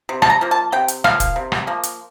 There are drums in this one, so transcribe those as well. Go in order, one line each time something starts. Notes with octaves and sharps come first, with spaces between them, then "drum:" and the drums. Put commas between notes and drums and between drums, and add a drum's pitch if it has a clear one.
C3
A5, drum: rim click
A#5
F3 A#3
A5
C3 G5
drum: hi-hat
F3 A#3 F5, drum: rim click
drum: kick, hi-hat
C3
drum: rim click
F3 A#3
drum: hi-hat